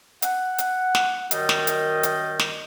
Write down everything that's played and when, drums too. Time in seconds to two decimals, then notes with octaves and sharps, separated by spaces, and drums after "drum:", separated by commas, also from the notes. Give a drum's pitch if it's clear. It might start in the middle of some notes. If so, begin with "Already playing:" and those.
0.22 F#5, drum: hi-hat
0.58 drum: hi-hat
0.95 drum: snare
1.31 F#2 D#3 G3 D#5, drum: hi-hat
1.49 drum: snare
1.67 drum: hi-hat
2.03 drum: hi-hat
2.39 drum: snare